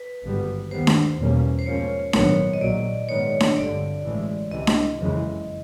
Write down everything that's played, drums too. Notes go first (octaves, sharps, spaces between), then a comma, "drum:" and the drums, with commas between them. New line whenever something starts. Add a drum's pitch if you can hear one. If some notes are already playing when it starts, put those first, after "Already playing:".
Already playing: B4
G#1 G2 D3 G3 B3
D#2 D#3 G3 B3 C5
drum: snare D4
E2 B2 G3 A#3 C#4
C5
G#2 F3 A#3 C#4 C#5
A#1 G#2 D#3 F#3 B3 C#5, drum: snare D4
D#5
A#1 A#2 F#3 D5
G#2 D#3 G#3 B3 C#5
drum: snare D4
G#1 G2 D3 D5
A1 A2 E3 G#3
C#2 C3 E3 D#5
drum: snare D4
F#1 F2 C#3 E3 G#3